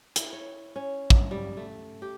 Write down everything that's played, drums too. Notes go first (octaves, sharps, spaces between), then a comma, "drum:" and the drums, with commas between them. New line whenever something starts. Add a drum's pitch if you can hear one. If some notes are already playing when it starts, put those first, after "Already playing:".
E4, drum: hi-hat
C#5
C#4
drum: kick
G3
A3
G4